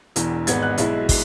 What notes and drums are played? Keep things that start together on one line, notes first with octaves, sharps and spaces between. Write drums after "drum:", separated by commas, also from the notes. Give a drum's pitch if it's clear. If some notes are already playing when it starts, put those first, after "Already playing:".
E1 E2 E3, drum: hi-hat
G#1 G#2 G#3 B3 G#6, drum: hi-hat
F#6
B1 B2 G#3 E4, drum: hi-hat
drum: kick, open hi-hat